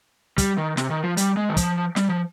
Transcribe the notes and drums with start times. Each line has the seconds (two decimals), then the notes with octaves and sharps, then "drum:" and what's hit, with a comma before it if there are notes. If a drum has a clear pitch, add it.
0.38 G3, drum: kick, hi-hat
0.58 D#3
0.77 C3, drum: snare
0.90 D#3
1.04 F3
1.17 G3, drum: hi-hat
1.37 G#3
1.49 D#3
1.57 F3, drum: kick, hi-hat
1.96 G3, drum: snare
2.09 F3